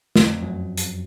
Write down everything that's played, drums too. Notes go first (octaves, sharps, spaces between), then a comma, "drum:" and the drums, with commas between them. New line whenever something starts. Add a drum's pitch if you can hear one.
F2 F3, drum: snare
F#2 F#3
drum: hi-hat